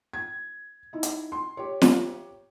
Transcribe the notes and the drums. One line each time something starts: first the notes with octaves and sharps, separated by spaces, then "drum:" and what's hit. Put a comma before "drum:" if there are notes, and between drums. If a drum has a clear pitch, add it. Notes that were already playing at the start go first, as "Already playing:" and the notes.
G#6
D#4 E4
drum: hi-hat
C6
G4 C#5
drum: snare